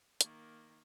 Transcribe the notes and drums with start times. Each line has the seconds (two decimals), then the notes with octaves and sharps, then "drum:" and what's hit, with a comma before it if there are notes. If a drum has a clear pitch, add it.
0.21 D#3 A#3, drum: hi-hat